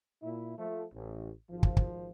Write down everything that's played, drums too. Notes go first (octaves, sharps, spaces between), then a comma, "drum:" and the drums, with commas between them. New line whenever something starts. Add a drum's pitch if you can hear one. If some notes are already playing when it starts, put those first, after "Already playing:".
A#2 E4
F3 A3
A1
G#1 F3
drum: kick
drum: kick